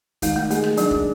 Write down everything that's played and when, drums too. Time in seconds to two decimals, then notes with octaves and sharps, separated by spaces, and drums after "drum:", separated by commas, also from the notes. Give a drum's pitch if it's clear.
0.22 D#3 G#3, drum: kick, hi-hat
0.36 A3
0.51 G#3 A3, drum: hi-hat
0.64 drum: rim click
0.77 F#3 D4, drum: hi-hat
0.91 drum: kick